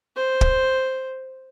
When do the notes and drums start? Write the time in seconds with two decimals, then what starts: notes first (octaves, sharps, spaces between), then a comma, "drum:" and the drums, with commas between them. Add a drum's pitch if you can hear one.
0.17 C5
0.41 drum: kick